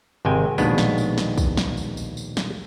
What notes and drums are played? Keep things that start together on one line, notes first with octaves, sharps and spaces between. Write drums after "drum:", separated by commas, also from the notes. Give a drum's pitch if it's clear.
G#1 C3 G#3 G5 G#5
A#1 D#2 B2 G#3 B3 D4, drum: tambourine
drum: snare
drum: tambourine
drum: snare
drum: kick, tambourine
drum: snare
drum: tambourine
drum: tambourine
drum: tambourine
drum: snare